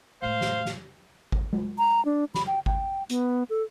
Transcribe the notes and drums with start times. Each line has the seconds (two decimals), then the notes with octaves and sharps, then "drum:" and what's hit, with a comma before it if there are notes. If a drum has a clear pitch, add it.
0.22 A2 G#3 C5 F5
0.41 drum: snare
0.65 drum: snare
1.32 drum: kick G#1
1.53 drum: tom G#3
1.78 A#5
2.05 D4
2.34 B5, drum: snare
2.47 G5
2.66 G5, drum: kick G#1
3.09 B3, drum: hi-hat
3.50 A4